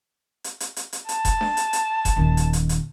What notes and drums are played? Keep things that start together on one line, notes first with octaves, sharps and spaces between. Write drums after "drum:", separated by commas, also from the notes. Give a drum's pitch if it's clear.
drum: hi-hat
drum: hi-hat
drum: hi-hat
drum: hi-hat
A5, drum: hi-hat
drum: kick F1, hi-hat
drum: snare D4
drum: hi-hat
drum: hi-hat
drum: kick F1, hi-hat
D#1 D#3
drum: hi-hat
drum: hi-hat
drum: hi-hat